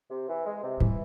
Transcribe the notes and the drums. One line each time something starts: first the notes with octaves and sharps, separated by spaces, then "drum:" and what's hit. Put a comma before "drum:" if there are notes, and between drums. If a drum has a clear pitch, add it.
C3
E3
G#3
C3
E3 G3, drum: tom G#2